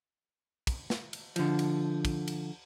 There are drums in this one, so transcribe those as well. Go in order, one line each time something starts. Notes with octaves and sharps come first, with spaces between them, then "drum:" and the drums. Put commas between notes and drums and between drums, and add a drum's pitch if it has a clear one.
drum: kick, cymbal
drum: snare
drum: cymbal
D3 F3, drum: cymbal
drum: cymbal
drum: kick, cymbal
drum: cymbal